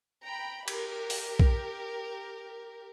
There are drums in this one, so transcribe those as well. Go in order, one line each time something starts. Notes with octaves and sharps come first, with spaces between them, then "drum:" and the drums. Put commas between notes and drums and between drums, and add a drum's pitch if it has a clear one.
G5 A#5 B5
G4 A#4, drum: cymbal
drum: open hi-hat
drum: kick